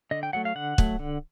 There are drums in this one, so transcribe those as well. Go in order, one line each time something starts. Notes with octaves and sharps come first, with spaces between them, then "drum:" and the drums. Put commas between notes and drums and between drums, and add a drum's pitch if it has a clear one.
D3 D#5
G5
F#3 A3 F#5
F5
D3 F#5
F#3 A3, drum: kick
D3